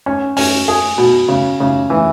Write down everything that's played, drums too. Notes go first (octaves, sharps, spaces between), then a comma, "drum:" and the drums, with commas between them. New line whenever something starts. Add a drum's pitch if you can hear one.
C#4
C#4, drum: open hi-hat
G#4
B2
C#3
C#3
E3